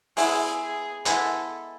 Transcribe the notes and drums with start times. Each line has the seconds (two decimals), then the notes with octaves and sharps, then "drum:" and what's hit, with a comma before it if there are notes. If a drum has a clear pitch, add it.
0.17 G#3 B3 E4 G#4, drum: open hi-hat
0.61 G#4
1.05 G#3 B3 E4 A4, drum: hi-hat